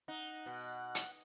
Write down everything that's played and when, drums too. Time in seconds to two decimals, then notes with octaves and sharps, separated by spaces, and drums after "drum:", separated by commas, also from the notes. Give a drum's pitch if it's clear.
0.08 D#4 F#5
0.46 B2
0.95 drum: hi-hat